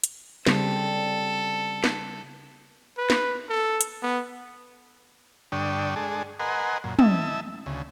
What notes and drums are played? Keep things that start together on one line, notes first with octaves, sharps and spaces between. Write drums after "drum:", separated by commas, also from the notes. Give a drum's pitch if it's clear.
drum: hi-hat
C#3 G3 C4 A4, drum: snare
drum: snare
B4
drum: snare
A4
drum: hi-hat
B3
G2 D3 D4 G5 C#6 D#6
G#3 D4 G#4 A4
A#4 B4 D#5 F#5 G#5 C6
F#2 A#2
E4 D#5 E5 A5 E6, drum: tom
D2 C#3